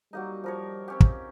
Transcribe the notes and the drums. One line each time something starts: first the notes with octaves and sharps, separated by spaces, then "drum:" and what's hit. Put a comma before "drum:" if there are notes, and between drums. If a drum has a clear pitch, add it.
F#3 G3 A#3 D#4
F3 A#4 C#5
C4 C#4 G4
drum: kick